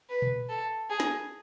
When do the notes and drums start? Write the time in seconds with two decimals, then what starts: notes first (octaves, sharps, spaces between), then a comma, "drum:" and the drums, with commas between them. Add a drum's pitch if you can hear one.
0.09 B4
0.22 drum: tom A#2
0.49 A4
0.90 G#4
1.00 drum: snare